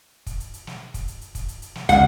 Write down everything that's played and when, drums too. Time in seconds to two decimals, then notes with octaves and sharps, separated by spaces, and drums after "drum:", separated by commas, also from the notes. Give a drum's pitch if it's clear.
0.27 drum: kick, hi-hat
0.40 drum: hi-hat
0.54 drum: hi-hat
0.67 drum: snare
0.94 drum: kick, hi-hat
1.08 drum: hi-hat
1.21 drum: hi-hat
1.35 drum: kick, hi-hat
1.48 drum: hi-hat
1.62 drum: hi-hat
1.75 drum: snare
1.89 C#2 D#3 F#5, drum: hi-hat